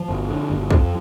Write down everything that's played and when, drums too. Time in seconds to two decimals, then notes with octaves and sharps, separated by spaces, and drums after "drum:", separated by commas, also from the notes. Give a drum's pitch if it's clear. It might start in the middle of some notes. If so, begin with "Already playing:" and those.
Already playing: F3
0.09 G1
0.29 D3
0.50 G1
0.70 F2, drum: kick